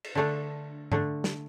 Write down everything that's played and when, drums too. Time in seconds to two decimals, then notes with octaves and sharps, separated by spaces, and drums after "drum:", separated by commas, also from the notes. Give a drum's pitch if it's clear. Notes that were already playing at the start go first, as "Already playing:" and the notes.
0.04 drum: cymbal
0.15 D3 A3 D4
0.92 D3 A3 D4, drum: tom G#2
1.24 drum: snare